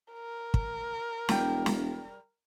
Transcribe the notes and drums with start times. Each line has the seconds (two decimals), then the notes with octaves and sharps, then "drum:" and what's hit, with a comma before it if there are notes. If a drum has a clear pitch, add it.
0.13 A#4
0.54 drum: kick
1.29 E1 G3 G5, drum: snare
1.66 drum: snare